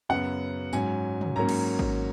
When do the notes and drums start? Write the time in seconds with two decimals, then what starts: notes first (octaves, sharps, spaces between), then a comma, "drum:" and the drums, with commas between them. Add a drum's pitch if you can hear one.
0.09 F#2 C#3 F#3 B3 F#5
0.73 G#2 F#3 C#4 G#5, drum: tambourine
1.21 drum: tom
1.36 G#2 F#3 A#3 C#4 A#5
1.49 drum: cymbal
1.79 drum: kick G#1